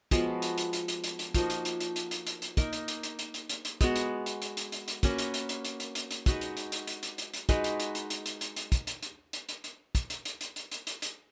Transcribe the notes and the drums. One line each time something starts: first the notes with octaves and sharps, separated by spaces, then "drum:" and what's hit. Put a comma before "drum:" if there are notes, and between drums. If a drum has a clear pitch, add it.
F3 G#3 B3 F#4, drum: kick, hi-hat
drum: hi-hat
drum: hi-hat
drum: hi-hat
drum: hi-hat
drum: hi-hat
drum: hi-hat
F3 A#3 D#4 F#4, drum: kick, hi-hat
drum: hi-hat
drum: hi-hat
drum: hi-hat
drum: hi-hat
drum: hi-hat
drum: hi-hat
drum: hi-hat
A#3 D#4 A#4, drum: kick, hi-hat
drum: hi-hat
drum: hi-hat
drum: hi-hat
drum: hi-hat
drum: hi-hat
drum: hi-hat
drum: hi-hat
G#3 B3 F#4, drum: kick, hi-hat
drum: hi-hat
drum: hi-hat
drum: hi-hat
drum: hi-hat
drum: hi-hat
drum: hi-hat
A#3 C#4 F#4 B4, drum: kick, hi-hat
drum: hi-hat
drum: hi-hat
drum: hi-hat
drum: hi-hat
drum: hi-hat
drum: hi-hat
drum: hi-hat
G#3 D#4 F#4 B4, drum: kick, hi-hat
drum: hi-hat
drum: hi-hat
drum: hi-hat
drum: hi-hat
drum: hi-hat
drum: hi-hat
drum: hi-hat
G#3 D#4 F#4 B4, drum: kick, hi-hat
drum: hi-hat
drum: hi-hat
drum: hi-hat
drum: hi-hat
drum: hi-hat
drum: hi-hat
drum: hi-hat
drum: kick, hi-hat
drum: hi-hat
drum: hi-hat
drum: hi-hat
drum: hi-hat
drum: hi-hat
drum: kick, hi-hat
drum: hi-hat
drum: hi-hat
drum: hi-hat
drum: hi-hat
drum: hi-hat
drum: hi-hat
drum: hi-hat